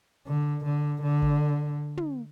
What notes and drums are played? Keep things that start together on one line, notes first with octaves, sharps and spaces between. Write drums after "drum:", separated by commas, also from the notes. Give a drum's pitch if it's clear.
D3
D3
D3
drum: kick G1
drum: tom